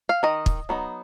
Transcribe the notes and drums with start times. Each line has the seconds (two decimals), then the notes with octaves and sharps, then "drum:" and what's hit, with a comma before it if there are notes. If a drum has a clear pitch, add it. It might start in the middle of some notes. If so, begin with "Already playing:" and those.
0.09 F5
0.23 D#3 D#5
0.46 drum: kick
0.69 F#3 B3 D#4